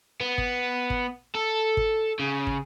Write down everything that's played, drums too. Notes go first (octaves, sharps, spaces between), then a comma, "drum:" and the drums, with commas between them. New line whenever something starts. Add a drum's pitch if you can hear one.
B3
drum: kick
drum: kick
A4
drum: kick
C#3
drum: kick